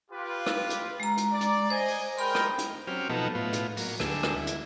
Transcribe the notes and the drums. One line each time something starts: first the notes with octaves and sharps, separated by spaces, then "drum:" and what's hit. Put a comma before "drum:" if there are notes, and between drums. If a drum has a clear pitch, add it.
F4 G4 B4
drum: rim click
drum: hi-hat
G#3 A#5
drum: hi-hat
D5
drum: hi-hat
C5 D#5 G#5
drum: open hi-hat
G#3 A#4 G5 B5 C6
drum: rim click
drum: hi-hat
F#3 C4 C#4 G4 F6
B2 F3 F#3 B3 D#4 A4
A2 B3 F4
drum: hi-hat
F#3 A#3, drum: open hi-hat
D2 D3 G3 G#4 E6, drum: rim click
drum: rim click
E4
drum: hi-hat